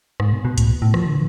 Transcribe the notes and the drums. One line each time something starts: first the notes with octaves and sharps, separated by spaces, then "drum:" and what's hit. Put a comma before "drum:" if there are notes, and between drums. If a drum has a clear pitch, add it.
G#2, drum: rim click
B2
B2
A2, drum: kick, hi-hat
A2
F3, drum: rim click
D3